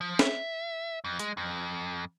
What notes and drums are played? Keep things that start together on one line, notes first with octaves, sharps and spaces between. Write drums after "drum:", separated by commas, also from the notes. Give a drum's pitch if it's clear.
F3
E5, drum: snare
F2
G#3, drum: hi-hat
F2